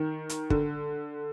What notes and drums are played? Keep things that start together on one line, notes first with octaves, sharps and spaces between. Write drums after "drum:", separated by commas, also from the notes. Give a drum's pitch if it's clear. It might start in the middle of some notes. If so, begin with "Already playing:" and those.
Already playing: D#3
drum: hi-hat
D3, drum: kick